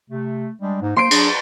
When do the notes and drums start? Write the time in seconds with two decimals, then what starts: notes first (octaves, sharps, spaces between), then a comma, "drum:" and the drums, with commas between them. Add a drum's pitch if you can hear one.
0.10 C3 A3
0.61 G3 G#3 D4
0.82 G#2 A#3 D#4
0.97 A#3 C5 C6 C7 D7
1.11 F#3 D4 G#4, drum: cymbal